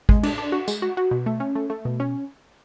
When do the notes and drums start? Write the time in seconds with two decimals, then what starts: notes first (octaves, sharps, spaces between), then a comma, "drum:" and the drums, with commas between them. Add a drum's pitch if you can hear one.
0.09 G#3, drum: kick
0.23 D4, drum: cymbal
0.38 D4
0.52 F#4
0.68 G#3, drum: tambourine
0.82 F#4
0.97 F#4
1.11 B2
1.26 A3
1.40 C#4
1.55 A3
1.70 A3
1.85 B2
2.00 C#4